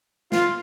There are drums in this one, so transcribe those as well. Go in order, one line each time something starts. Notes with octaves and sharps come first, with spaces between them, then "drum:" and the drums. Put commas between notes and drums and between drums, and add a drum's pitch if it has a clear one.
F4, drum: snare